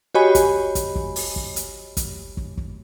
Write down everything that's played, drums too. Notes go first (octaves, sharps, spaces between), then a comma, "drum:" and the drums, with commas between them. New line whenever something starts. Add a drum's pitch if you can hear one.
F#4 G4 C#5 D#5 G#5 B5
drum: kick, hi-hat
drum: kick, hi-hat
drum: kick
drum: open hi-hat
drum: kick
drum: hi-hat
drum: kick, hi-hat
drum: kick
drum: kick